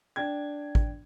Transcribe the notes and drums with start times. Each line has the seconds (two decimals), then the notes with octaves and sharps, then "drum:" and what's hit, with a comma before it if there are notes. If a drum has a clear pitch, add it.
0.16 D4 G5 G#6
0.75 drum: kick